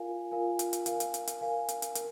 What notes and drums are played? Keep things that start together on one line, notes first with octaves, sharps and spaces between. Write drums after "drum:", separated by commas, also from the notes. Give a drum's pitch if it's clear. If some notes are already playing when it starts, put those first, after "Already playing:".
Already playing: F4 A#4 F5 G#5
F4 A#4 F5 G#5
drum: hi-hat
drum: hi-hat
A#4 F5 G#5, drum: hi-hat
drum: hi-hat
drum: hi-hat
drum: hi-hat
A#4 F5 G#5
drum: hi-hat
drum: hi-hat
A#4, drum: hi-hat